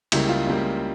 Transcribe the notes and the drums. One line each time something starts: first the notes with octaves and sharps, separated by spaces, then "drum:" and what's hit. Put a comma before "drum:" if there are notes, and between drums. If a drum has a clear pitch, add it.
C#2 C#3 G3 A#3 E4, drum: cymbal
F4
C#2 C#3 G3 A#3